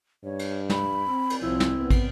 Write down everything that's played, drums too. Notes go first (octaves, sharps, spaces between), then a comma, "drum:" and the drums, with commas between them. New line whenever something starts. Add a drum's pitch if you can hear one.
G2 C#5
drum: cymbal
B5, drum: snare
C4
drum: cymbal
C2 F3 C4 E4
drum: snare
B3
drum: kick, cymbal